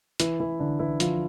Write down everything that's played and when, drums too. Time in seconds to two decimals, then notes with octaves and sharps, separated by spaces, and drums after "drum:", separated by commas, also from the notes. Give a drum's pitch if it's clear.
0.20 E3 E4, drum: hi-hat
0.40 E3 E4
0.60 D3 D4
0.79 E3 E4
1.00 F3 F4, drum: hi-hat